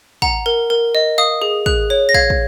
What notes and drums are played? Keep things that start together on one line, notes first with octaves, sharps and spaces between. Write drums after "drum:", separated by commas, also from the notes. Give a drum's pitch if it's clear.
F#5 A#5, drum: kick
A#4
A#4
D#5
F5 D#6
G#4
G#4 F#6, drum: kick
C#5
A#6
F5 G#6, drum: kick
drum: kick